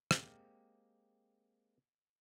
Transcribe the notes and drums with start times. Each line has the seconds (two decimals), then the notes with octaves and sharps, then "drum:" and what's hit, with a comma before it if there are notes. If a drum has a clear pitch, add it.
0.11 G#3 A#3 C4 G4, drum: rim click